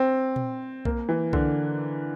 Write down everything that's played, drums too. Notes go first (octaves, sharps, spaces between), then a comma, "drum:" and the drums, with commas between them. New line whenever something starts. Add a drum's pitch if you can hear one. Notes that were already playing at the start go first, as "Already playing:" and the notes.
Already playing: C4
drum: tom A#2
A#3, drum: kick B1
E3
D3, drum: kick B1